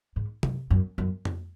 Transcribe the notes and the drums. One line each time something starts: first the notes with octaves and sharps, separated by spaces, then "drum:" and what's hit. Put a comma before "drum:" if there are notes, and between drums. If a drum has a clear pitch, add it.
G#2
F#2, drum: tom C3
F#2
F#2
drum: tom F2